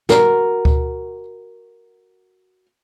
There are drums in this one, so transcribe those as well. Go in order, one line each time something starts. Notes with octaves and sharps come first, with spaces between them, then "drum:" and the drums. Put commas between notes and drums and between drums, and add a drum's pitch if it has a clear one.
F#4 A#4, drum: snare
drum: kick D2